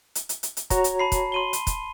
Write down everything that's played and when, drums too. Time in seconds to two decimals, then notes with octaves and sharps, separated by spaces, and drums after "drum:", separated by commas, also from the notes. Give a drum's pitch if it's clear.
0.15 drum: hi-hat
0.29 drum: hi-hat
0.43 drum: hi-hat
0.57 drum: hi-hat
0.70 F#4 C#5 A#5, drum: kick, hi-hat
0.84 drum: hi-hat
0.99 A5 B5 C7
1.12 drum: kick, hi-hat
1.32 C6 D#7 G7
1.53 drum: hi-hat
1.67 drum: kick, hi-hat